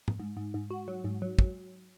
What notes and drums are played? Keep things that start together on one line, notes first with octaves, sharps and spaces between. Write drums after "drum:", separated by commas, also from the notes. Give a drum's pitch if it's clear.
drum: tom
G#2
G#2
G#2
F#4
F#3
G#2
F#3
F#3, drum: kick